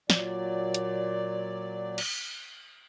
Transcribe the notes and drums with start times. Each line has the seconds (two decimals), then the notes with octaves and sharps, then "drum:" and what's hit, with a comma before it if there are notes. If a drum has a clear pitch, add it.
0.10 A#2 F#3 D5, drum: snare
0.74 drum: hi-hat
1.98 drum: cymbal